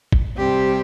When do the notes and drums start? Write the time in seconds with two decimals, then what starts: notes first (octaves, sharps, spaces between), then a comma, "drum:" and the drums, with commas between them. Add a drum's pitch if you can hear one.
0.12 drum: kick
0.37 C3 G3 C4 G4